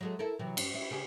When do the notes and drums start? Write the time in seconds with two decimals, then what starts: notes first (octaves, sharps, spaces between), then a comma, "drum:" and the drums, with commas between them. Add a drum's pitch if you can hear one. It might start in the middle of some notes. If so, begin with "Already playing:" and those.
0.01 F#3 G#3 A3
0.19 E4 A4 A#4
0.39 C3 E3 F#3
0.57 G2, drum: cymbal
0.74 E4
0.91 C#3 G4 G#4